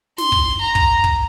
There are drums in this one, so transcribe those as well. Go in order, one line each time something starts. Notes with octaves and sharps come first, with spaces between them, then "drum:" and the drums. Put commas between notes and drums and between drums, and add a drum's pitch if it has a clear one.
C6, drum: snare
drum: kick
A#5
drum: kick
drum: kick